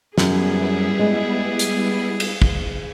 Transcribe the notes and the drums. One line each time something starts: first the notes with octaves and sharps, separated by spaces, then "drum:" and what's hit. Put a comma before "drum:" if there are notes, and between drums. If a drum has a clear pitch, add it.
F#2 G3 B3 E4 G#4, drum: snare
G#3
drum: hi-hat
drum: cymbal
drum: kick